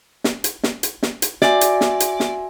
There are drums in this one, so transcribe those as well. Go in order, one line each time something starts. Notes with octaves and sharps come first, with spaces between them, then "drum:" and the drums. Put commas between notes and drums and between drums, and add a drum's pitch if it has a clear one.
drum: snare
drum: hi-hat
drum: snare
drum: hi-hat
drum: snare
drum: hi-hat
F#4 D5 E5 G#5, drum: snare
drum: hi-hat
drum: snare
drum: hi-hat
drum: snare